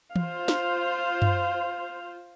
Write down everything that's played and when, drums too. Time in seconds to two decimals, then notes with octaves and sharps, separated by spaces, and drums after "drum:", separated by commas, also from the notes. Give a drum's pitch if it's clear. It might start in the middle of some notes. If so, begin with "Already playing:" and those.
0.16 F4 C5 F5, drum: tom E3
0.48 drum: snare
1.22 drum: tom F#2